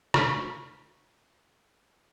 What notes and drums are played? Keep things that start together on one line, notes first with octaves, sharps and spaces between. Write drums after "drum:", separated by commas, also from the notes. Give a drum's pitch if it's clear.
C#6 F6 B6, drum: rim click